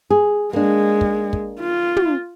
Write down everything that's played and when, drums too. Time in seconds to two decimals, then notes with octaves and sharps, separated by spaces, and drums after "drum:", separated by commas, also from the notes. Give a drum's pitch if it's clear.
0.10 G#4
0.53 G#3 A#3 D4
1.01 drum: kick
1.33 drum: kick
1.60 F4
1.97 drum: tom